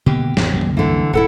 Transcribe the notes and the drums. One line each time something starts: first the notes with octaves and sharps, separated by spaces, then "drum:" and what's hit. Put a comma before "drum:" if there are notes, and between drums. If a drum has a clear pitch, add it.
B2 D3 A#3 G4
G#1 E2 A2, drum: snare
C2 F#2 A#3
drum: tom D3
D3 E3
D#1 E4 A4 F#5